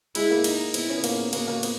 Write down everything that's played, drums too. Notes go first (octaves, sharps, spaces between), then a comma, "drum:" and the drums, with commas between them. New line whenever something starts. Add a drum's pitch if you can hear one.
G#3 E4, drum: cymbal
A#3
D#4, drum: cymbal
B3 E4, drum: cymbal
C#4
B3
A#3, drum: cymbal
A#3 F#4, drum: cymbal
A#3
B3, drum: cymbal